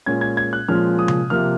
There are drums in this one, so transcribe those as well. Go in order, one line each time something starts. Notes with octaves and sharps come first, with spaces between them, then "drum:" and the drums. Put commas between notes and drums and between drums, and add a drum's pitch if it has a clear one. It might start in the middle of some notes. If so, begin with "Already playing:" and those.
A#2 G#3 C#4 G#6
G#6
G#6
F#6
A#2 F3 G#3 C#4 F6
D#6
drum: tom C3
C3 F3 A#3 F6